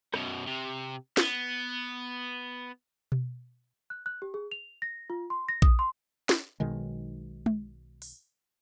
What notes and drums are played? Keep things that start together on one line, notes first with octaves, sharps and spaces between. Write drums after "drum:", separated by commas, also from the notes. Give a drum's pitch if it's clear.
F#2 B2, drum: rim click
C3
B3, drum: snare
drum: tom B2
F#6
F#6
G4
G#4
F7
A#6
F4
C6
A#6
D#6, drum: kick A#1
C6
drum: snare
B1 B2 D#3 G#3
drum: tom G#3
drum: open hi-hat